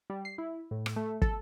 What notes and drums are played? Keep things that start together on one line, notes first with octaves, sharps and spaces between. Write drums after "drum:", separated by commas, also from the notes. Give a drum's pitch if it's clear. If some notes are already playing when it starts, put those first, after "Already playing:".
G3
C7
E4
A2
drum: rim click
A3
A4, drum: kick